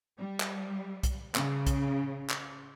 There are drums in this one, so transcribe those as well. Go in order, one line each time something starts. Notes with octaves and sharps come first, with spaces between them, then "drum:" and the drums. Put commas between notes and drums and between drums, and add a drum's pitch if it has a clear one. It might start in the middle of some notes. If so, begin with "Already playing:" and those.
G3
drum: clap
drum: kick B1, hi-hat
C#3, drum: clap
drum: kick B1, hi-hat
drum: clap